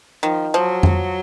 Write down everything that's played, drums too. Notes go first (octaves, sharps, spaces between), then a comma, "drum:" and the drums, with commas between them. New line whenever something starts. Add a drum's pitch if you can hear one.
D#3 F3
F3 F#3
drum: tom F2